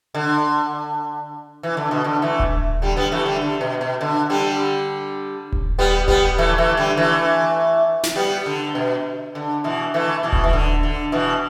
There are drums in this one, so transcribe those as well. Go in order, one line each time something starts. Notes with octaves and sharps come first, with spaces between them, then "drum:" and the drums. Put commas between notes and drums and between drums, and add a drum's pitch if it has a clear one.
D3
E3
D3
B2
D3
E3 A3
drum: kick D#1
D3 G3
G3 B3
E3 A3
D3 G3
D3
B2
B2
D3
D3 G3
drum: kick D#1
G3 B3
G3 B3, drum: kick D#1
E3 A3
E3 A3
D3 G3
E3 A3
drum: snare
G3 B3
D3
B2
D3
B2 E3
E3 A3
B2 E3
drum: kick D#1
E3
D3
D3
B2 E3